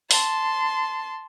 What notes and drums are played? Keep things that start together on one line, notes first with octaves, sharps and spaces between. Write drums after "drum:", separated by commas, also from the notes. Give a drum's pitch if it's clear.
A5 C6, drum: open hi-hat